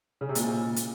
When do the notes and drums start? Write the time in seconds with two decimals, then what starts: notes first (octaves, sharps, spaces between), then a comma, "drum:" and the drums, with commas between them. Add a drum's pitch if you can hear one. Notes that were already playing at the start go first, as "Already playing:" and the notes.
0.21 C#3
0.29 C3
0.35 A#2 C#3 G#3 C4 F4 G#4, drum: hi-hat
0.76 drum: hi-hat